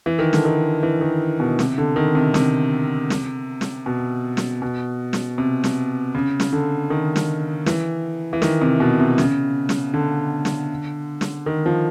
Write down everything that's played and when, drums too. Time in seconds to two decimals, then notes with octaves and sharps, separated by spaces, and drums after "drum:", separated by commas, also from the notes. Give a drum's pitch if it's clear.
0.06 E3
0.19 D#3
0.33 D3, drum: snare
0.45 D#3
0.83 E3
1.01 D#3
1.40 B2
1.59 C3, drum: snare
1.78 D3
1.96 D#3
2.15 C3
2.34 C3, drum: snare
3.10 drum: snare
3.61 drum: snare
3.86 B2
4.37 drum: snare
4.62 B2
5.13 drum: snare
5.38 C3
5.64 drum: snare
6.15 C#3
6.40 drum: snare
6.53 D3
6.90 D#3
7.16 drum: snare
7.66 E3, drum: snare
8.33 E3
8.42 D#3, drum: snare
8.61 C3
8.80 B2
8.99 C3
9.18 C#3, drum: snare
9.69 drum: snare
9.94 D3
10.45 drum: snare
11.21 drum: snare
11.46 D#3
11.66 F3